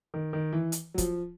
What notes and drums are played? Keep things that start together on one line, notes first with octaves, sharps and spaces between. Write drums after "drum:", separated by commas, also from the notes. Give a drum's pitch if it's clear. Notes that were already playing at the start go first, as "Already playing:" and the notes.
D#3
D#3
E3
drum: hi-hat
F#3
F3, drum: kick, hi-hat